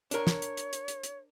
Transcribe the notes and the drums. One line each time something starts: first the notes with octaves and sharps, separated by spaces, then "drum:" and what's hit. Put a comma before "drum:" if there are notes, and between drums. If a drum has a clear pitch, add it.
D4 A#4 C#5, drum: hi-hat
drum: snare
drum: hi-hat
drum: hi-hat
drum: hi-hat
drum: hi-hat
drum: hi-hat